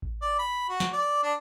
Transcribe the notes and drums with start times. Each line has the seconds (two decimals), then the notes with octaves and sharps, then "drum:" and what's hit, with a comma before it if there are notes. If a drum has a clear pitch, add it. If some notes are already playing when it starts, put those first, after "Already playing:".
0.02 drum: kick A1
0.22 D5
0.39 B5
0.69 F#4
0.80 drum: snare
0.93 D5
1.23 D4